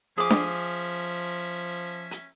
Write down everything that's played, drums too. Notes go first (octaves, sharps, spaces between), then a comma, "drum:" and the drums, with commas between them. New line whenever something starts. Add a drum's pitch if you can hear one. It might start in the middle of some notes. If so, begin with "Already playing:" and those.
F3 C#4 G#4 E5 D6
drum: snare D4
drum: hi-hat